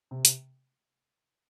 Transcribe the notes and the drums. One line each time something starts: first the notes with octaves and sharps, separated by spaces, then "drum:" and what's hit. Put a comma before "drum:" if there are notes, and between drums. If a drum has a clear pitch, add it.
C3
drum: hi-hat